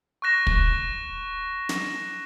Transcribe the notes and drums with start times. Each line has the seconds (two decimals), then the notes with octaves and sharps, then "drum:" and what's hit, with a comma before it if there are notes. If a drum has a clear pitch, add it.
0.22 C#6 F#6 A#6 E7
0.47 drum: kick
1.69 drum: snare